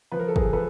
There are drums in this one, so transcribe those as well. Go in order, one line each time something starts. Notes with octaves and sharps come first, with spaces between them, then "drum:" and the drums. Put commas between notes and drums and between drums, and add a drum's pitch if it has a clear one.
F3 B4
A#4
A4
G#4 A#4, drum: kick
F3 A4 B4